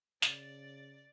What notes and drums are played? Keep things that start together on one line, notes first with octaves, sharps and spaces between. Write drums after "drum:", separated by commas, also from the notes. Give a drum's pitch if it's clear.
C#3 D5 A6, drum: snare